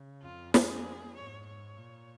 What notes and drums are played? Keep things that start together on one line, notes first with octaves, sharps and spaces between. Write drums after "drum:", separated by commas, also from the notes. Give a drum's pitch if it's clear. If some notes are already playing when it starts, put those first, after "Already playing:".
Already playing: C#3
F2 F4
G#4, drum: snare
G#2 C#5
C#5
A#2